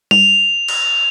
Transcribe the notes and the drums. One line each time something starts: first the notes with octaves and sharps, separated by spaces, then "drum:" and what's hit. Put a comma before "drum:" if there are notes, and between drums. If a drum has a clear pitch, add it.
F7, drum: tom G3
drum: cymbal